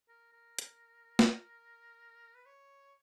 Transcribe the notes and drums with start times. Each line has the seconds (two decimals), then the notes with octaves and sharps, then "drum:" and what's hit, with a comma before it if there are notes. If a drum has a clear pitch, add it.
0.08 A#4
0.33 A#4
0.58 drum: hi-hat
1.19 drum: snare
2.35 B4
2.46 C#5